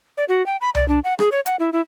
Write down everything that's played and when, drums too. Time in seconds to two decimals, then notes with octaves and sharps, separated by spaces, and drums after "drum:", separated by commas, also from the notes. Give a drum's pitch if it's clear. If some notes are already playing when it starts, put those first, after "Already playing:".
0.17 D5
0.29 F#4
0.46 G5
0.61 B5
0.75 D5, drum: tom C2
0.88 D4
1.04 F#5
1.19 G#4, drum: rim click
1.32 C#5
1.46 F#5, drum: hi-hat
1.59 E4
1.73 E4